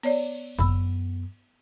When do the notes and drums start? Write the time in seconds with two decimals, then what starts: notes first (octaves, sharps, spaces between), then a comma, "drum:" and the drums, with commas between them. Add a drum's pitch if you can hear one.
0.03 B3 C#5 D5, drum: cymbal
0.59 F#2 B3 B5 E6, drum: kick G1